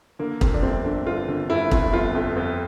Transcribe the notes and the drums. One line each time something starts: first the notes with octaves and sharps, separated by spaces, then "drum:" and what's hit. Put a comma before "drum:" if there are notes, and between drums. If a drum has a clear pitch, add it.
D3 A#3
F2, drum: kick
D4
G1 C4
D3
G1 F4
D3
G1 E4
F2 F4, drum: kick
G1 F4
F2
F2